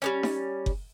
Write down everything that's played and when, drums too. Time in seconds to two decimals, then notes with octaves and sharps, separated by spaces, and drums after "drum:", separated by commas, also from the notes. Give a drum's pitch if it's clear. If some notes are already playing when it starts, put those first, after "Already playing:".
0.02 G3 B3 C#4
0.23 drum: snare D#4
0.66 drum: kick F#1